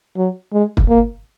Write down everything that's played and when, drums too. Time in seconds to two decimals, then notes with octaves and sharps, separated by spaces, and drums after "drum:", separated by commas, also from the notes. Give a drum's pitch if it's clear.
0.17 F#3
0.53 G#3
0.77 drum: kick
0.89 A#3